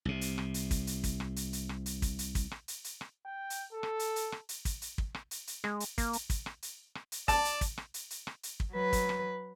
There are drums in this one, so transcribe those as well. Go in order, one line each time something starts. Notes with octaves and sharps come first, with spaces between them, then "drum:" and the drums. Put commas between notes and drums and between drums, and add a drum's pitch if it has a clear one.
C2 C3
drum: hi-hat
drum: rim click
drum: hi-hat
drum: kick, hi-hat
drum: hi-hat
drum: kick, hi-hat
drum: rim click
drum: hi-hat
drum: hi-hat
drum: rim click
drum: hi-hat
drum: kick, hi-hat
drum: hi-hat
drum: kick, hi-hat
drum: rim click
drum: hi-hat
drum: hi-hat
drum: rim click
G5
drum: hi-hat
A4
drum: rim click
drum: hi-hat
drum: hi-hat
drum: rim click
drum: hi-hat
drum: kick, hi-hat
drum: hi-hat
drum: kick
drum: rim click
drum: hi-hat
drum: hi-hat
G#3, drum: rim click
drum: hi-hat
A#3, drum: kick, hi-hat
drum: hi-hat
drum: kick, hi-hat
drum: rim click
drum: hi-hat
drum: rim click
drum: hi-hat
D5 A5, drum: kick, hi-hat
drum: hi-hat
drum: kick, hi-hat
drum: rim click
drum: hi-hat
drum: hi-hat
drum: rim click
drum: hi-hat
drum: kick
F#3 B4
drum: kick, hi-hat
drum: rim click